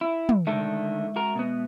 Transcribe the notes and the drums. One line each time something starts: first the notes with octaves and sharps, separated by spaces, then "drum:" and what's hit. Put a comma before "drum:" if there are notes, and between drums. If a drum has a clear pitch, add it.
E4
drum: tom
D3 D#3 G#3 A3 E5
F#4 A#4
B2 B3